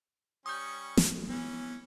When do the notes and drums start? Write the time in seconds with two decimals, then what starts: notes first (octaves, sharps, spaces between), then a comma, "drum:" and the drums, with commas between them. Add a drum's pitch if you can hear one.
0.46 G3 C#4 C#6 D#6 G6
0.97 drum: snare
1.29 E3 B3 C#4